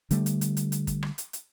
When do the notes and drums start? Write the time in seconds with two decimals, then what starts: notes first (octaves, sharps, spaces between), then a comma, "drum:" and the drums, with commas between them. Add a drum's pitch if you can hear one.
0.11 D3 G3 A3, drum: hi-hat
0.26 drum: hi-hat
0.41 drum: hi-hat
0.57 drum: hi-hat
0.72 drum: hi-hat
0.87 drum: kick, hi-hat
1.03 drum: rim click
1.18 drum: hi-hat
1.33 drum: hi-hat